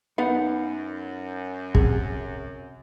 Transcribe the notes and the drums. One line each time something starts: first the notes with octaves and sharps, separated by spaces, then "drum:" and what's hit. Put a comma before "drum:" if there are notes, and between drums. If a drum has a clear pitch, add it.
F#2 B3 D#4 B4 F5 F#5
C3 G#4, drum: kick